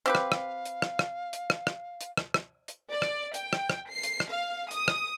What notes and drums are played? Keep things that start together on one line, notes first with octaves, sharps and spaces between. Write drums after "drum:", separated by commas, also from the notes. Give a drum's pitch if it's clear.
C4 G4 B4 F5
drum: rim click
drum: rim click
drum: hi-hat
drum: rim click
drum: rim click
drum: hi-hat
drum: rim click
drum: rim click
drum: hi-hat
drum: rim click
drum: rim click
drum: hi-hat
D5
drum: rim click
G5, drum: hi-hat
drum: rim click
drum: rim click
C7
drum: hi-hat
drum: rim click
F5
D#6, drum: hi-hat
drum: rim click